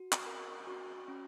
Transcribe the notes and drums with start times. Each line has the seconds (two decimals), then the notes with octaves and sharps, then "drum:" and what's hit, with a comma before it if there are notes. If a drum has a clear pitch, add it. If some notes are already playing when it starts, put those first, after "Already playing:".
Already playing: F#4
0.12 drum: clap
0.26 A#4
0.67 F#4
1.08 C#4